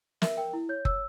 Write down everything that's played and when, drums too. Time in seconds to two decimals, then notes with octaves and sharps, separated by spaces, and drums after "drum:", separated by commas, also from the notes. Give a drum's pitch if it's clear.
0.22 A#4 E5, drum: snare
0.37 A#4 G5
0.53 E4
0.69 C#5 G6
0.85 C#5 E6, drum: kick F#1